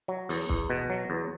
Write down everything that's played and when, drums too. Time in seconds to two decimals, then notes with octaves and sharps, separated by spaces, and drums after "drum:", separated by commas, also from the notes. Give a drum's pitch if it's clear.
0.08 F#3
0.29 E2, drum: open hi-hat
0.49 E2, drum: kick
0.70 B2
0.90 F#3
1.10 E2